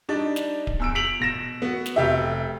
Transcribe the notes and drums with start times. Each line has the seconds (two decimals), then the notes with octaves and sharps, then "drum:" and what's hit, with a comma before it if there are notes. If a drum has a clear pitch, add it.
0.09 G3 D4 D#4 D5
0.36 drum: snare
0.67 drum: kick D1
0.79 E2 E6 D7
0.95 B6 D7 F7 F#7
1.20 B2 A#6 E7
1.62 B3 F#4
1.86 drum: snare
1.96 F1 G4 E5